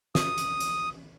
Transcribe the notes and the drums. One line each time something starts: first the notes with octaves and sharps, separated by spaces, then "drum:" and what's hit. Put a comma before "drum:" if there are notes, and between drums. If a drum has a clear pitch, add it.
D#6, drum: snare
drum: hi-hat
drum: hi-hat